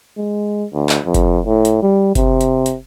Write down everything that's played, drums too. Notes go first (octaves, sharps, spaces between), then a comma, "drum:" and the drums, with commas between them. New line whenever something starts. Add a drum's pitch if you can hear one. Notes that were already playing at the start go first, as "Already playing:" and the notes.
G#3
D2
drum: clap
F2
drum: kick F#1, hi-hat
A2
drum: hi-hat
G3
C3, drum: kick F#1, hi-hat
drum: hi-hat
drum: hi-hat